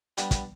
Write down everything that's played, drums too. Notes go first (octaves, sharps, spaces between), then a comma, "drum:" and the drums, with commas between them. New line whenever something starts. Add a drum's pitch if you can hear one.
G3 B3 D4, drum: hi-hat
drum: kick, hi-hat